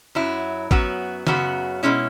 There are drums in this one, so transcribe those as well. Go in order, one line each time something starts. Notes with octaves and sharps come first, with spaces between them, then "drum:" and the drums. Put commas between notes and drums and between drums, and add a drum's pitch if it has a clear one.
F#2 F#3 E4
F#2 F#3 B3 F#4, drum: kick
F#2 C#3 F#3 B3 F#4, drum: snare
B2 G#3 C#4 E4